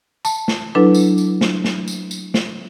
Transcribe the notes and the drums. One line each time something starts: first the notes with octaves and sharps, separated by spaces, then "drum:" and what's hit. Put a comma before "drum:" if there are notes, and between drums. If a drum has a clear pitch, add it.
A5, drum: tambourine
drum: snare
F#3 D4 E4 A4 B4
drum: tambourine
drum: tambourine
drum: snare
drum: snare
drum: tambourine
drum: tambourine
drum: snare